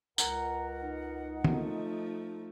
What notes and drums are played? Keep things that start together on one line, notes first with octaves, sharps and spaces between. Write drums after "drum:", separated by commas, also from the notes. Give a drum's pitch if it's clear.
C#2 A#4 F#5 A#5, drum: tambourine
D#4
F3 A3, drum: tom